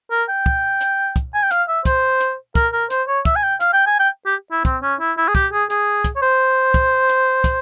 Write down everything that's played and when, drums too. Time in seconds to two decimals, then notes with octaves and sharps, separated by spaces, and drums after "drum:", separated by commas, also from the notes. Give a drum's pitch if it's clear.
0.11 A#4
0.29 G5
0.46 drum: kick
0.81 drum: hi-hat
1.16 drum: kick, hi-hat
1.34 G#5
1.43 G5
1.51 F5, drum: hi-hat
1.68 E5
1.85 C5, drum: kick, hi-hat
2.20 drum: hi-hat
2.55 A#4, drum: kick, hi-hat
2.73 A#4
2.90 C5, drum: hi-hat
3.08 C#5
3.25 E5, drum: kick, hi-hat
3.36 G#5
3.43 G5
3.60 F5, drum: hi-hat
3.73 G5
3.86 G#5
4.00 G5
4.26 G4
4.52 E4
4.65 C4, drum: kick, hi-hat
4.82 C#4
5.00 E4
5.17 E4
5.28 G#4
5.35 G4, drum: kick, hi-hat
5.52 G#4
5.70 G#4, drum: hi-hat
6.04 drum: kick, hi-hat
6.16 C#5
6.22 C5
6.74 drum: kick, hi-hat
7.09 drum: hi-hat
7.44 drum: kick, hi-hat